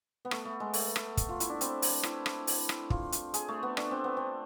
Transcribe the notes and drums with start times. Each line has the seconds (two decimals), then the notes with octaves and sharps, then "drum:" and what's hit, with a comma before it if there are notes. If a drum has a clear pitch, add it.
0.25 B3
0.31 A3, drum: rim click
0.45 A3
0.60 G#3
0.74 A3, drum: open hi-hat
0.96 drum: rim click
1.17 drum: kick, hi-hat
1.29 F4
1.40 E4, drum: hi-hat
1.50 D4
1.61 C4, drum: hi-hat
1.82 drum: open hi-hat
2.03 E4, drum: rim click
2.26 drum: rim click
2.47 drum: open hi-hat
2.69 drum: rim click
2.90 F4, drum: kick
3.12 drum: hi-hat
3.34 G#4, drum: hi-hat
3.48 A3
3.63 B3
3.77 D4, drum: rim click
3.91 C4
4.04 B3
4.17 C4